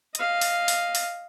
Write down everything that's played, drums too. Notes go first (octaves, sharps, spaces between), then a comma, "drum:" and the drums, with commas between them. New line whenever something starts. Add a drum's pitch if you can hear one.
D#5 F5, drum: hi-hat
drum: open hi-hat
drum: open hi-hat
drum: open hi-hat